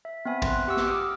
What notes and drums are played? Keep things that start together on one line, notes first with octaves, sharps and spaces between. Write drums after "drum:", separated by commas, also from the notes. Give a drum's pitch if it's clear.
E5
B3 C4 E5 G#5 B5
C6 F#6, drum: kick A1, cymbal
G4 F#5 G5 C#6 E6
drum: snare
D6 D#6 F6 D7